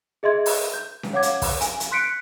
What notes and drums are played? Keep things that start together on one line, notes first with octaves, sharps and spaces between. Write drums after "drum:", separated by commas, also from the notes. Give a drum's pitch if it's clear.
G#4 D#5 E5 C6 G#6
drum: open hi-hat
G6
drum: snare C#4
C#5 F5 F#5 D6 G#6
drum: hi-hat
drum: kick, open hi-hat
G#5, drum: hi-hat
drum: hi-hat
C6 F#6 B6 C#7 D7